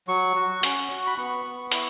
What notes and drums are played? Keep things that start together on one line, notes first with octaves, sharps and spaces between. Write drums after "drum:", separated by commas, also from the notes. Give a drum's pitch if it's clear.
F#3 C#6
F#4
C#4, drum: hi-hat
F#4
B5
B3 C#6
B3
E4 C#6, drum: hi-hat